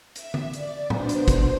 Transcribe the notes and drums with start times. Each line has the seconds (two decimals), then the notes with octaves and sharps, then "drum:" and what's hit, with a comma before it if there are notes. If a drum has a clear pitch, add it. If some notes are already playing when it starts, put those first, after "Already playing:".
0.15 E5, drum: hi-hat
0.34 drum: tom D3
0.53 D5, drum: hi-hat
0.90 B2 B3 D4 C5, drum: tom A2
1.09 drum: hi-hat
1.28 drum: kick, hi-hat